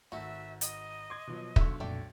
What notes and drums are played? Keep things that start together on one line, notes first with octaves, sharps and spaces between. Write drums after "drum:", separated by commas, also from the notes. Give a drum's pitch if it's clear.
G#1 A3 F#4 E5
D#5, drum: hi-hat
C6 D6 G#6
B2 F3 F#3
B1 D3 E5 C#6, drum: kick
F2 A#2 A3 D5 G5